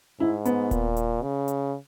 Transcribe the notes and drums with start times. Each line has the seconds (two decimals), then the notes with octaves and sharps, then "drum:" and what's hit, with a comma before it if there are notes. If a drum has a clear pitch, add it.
0.19 G#2 E4
0.45 B3, drum: hi-hat
0.71 A#2, drum: kick D#1, hi-hat
0.97 drum: hi-hat
1.22 C#3
1.48 drum: hi-hat